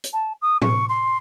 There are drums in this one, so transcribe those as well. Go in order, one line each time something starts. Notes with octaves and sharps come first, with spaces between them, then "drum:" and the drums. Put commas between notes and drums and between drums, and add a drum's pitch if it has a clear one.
drum: hi-hat
A5
D#6
C#6, drum: tom A2
C6